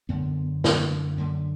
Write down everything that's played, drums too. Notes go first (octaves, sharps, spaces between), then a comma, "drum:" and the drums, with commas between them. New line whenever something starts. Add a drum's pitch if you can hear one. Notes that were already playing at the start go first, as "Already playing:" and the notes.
F#2 D3 B3
F#2 D3, drum: snare
F#2 D3 A#3